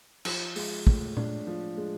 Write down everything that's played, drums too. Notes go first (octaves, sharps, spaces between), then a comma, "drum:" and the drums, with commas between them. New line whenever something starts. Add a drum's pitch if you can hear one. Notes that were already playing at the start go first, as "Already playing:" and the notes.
F3, drum: cymbal
G#3, drum: open hi-hat
A2, drum: kick
D4, drum: tom A#2
F3
G#3